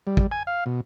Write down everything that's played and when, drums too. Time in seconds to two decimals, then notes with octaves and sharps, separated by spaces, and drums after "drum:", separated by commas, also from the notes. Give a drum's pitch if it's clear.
0.07 G3
0.17 drum: kick
0.32 G#5
0.47 F5
0.66 B2